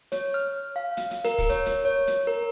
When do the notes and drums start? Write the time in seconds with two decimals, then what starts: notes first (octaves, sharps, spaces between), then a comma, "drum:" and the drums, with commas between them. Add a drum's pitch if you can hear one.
0.12 C#5, drum: hi-hat
0.34 F6
0.76 F5
0.97 drum: hi-hat
1.11 drum: hi-hat
1.25 A#4, drum: hi-hat
1.38 drum: kick, open hi-hat
1.49 C#5, drum: hi-hat
1.66 drum: hi-hat
1.85 C#5
2.07 drum: hi-hat
2.27 A#4